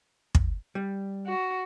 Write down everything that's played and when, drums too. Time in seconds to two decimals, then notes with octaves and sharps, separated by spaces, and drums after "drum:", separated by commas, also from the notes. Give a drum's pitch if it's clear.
0.35 drum: kick
0.75 G3
1.26 F#4